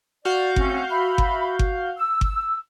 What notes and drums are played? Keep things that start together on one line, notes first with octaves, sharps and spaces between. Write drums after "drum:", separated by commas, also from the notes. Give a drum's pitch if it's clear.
F#4 D5 F5 G6
A3 C4 C#4, drum: kick G1
E5 B5
drum: kick G1
drum: kick G1
E6
drum: kick G1